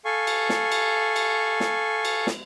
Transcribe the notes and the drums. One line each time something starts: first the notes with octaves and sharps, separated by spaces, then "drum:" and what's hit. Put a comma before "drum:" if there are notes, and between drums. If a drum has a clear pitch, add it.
A4 F5 G#5 C#6
drum: cymbal
drum: snare
drum: cymbal
drum: cymbal
drum: snare
drum: cymbal
drum: snare